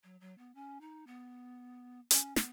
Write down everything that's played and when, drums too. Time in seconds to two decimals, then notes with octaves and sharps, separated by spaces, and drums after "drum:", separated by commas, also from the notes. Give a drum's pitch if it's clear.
0.04 F#3
0.21 F#3
0.38 B3
0.55 C#4
0.81 D#4
1.07 B3
2.11 C#4, drum: hi-hat
2.36 B3, drum: snare